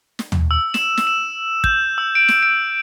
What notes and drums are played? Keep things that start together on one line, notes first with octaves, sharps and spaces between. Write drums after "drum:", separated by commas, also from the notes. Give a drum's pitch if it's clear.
drum: snare
drum: tom
E6
E7, drum: snare
drum: snare
E7
G6, drum: kick
E6
D7
drum: snare
D7